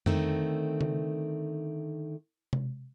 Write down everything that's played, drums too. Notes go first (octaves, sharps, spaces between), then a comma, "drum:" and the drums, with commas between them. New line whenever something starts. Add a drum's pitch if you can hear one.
D3 D#3 A3 C4, drum: tom F2
drum: tom C#3
drum: tom C3